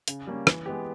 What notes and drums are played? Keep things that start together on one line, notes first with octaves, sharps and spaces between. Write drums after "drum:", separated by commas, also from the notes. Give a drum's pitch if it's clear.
C#3, drum: hi-hat
G3 A#3 C#4
E3, drum: rim click
G#3 B3 G4